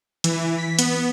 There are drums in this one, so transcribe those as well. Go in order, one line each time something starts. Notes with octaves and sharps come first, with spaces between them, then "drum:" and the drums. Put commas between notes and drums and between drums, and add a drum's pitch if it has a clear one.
E3, drum: hi-hat
B6
B3, drum: hi-hat